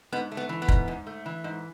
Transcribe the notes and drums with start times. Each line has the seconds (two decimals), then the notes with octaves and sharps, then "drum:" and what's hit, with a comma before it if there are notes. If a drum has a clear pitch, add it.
0.12 G#2 B3
0.31 A3
0.37 B3
0.49 E3
0.62 B3
0.68 G#2, drum: kick
0.88 G#2
1.07 A3
1.26 E3
1.44 G#2